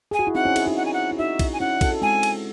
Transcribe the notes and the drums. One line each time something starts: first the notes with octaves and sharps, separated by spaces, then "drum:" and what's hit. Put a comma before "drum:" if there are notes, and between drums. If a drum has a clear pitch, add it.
G#4 G#5
F#4
E4
C4 D#4 F#5
C#4 E4
E4 G#4, drum: cymbal
D#4 F#4
F#5
G#5
F#5
E4
D#4 F#4 E5
drum: kick, cymbal
G#5
C#4 E4 F#5
F#4 A4, drum: kick, cymbal
F#4 A4
G#3 C4 G#5
drum: cymbal